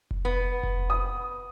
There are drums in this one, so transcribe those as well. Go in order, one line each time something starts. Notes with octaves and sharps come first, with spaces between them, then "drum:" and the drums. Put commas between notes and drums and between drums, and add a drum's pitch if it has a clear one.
drum: kick F1
B3
drum: kick F1
D#6